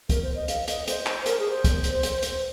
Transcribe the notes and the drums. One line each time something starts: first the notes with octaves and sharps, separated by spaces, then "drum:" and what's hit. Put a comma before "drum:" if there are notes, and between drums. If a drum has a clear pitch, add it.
A#4, drum: kick, hi-hat
C5
D#5
F5, drum: hi-hat
D#5, drum: hi-hat
C5, drum: hi-hat
drum: clap
A#4, drum: hi-hat
G#4
C5
drum: kick, hi-hat
drum: hi-hat
drum: hi-hat
drum: hi-hat